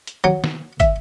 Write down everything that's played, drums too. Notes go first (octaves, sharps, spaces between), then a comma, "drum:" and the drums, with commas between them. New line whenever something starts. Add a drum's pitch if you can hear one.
drum: hi-hat
F#3
drum: snare
E5, drum: kick, hi-hat